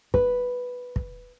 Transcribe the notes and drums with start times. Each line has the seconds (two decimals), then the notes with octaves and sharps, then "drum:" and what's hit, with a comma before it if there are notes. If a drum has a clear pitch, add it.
0.14 B4, drum: kick
0.96 drum: kick